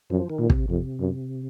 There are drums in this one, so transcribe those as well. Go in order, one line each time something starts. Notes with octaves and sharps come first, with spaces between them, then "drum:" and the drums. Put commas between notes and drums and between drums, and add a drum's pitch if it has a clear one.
F#2 F3
D#3
A#2
C3, drum: kick
F2 C3
F#2